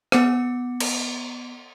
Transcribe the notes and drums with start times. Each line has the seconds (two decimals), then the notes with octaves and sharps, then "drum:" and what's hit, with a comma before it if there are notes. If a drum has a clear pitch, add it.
0.12 B3 F#5 D6 C#7, drum: rim click
0.80 drum: cymbal